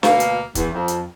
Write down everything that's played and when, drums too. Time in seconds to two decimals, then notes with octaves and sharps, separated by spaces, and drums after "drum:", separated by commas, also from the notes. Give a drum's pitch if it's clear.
0.03 D2 B2 A#3 F5, drum: snare
0.20 drum: hi-hat
0.55 E2, drum: kick, hi-hat
0.73 F2
0.88 drum: hi-hat